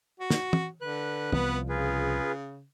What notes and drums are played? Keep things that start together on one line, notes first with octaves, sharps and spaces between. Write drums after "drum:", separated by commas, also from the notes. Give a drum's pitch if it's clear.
F#4
drum: snare
drum: tom
D3 B4 F#6
C2 F3 B3, drum: tom
C#3 F4 G#4 B4